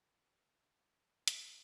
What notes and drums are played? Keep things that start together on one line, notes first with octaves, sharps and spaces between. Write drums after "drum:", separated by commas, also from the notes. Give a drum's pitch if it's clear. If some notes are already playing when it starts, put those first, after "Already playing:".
F3 A#3 F#4 D5
C#2 A3 D#4 G4 G#4, drum: hi-hat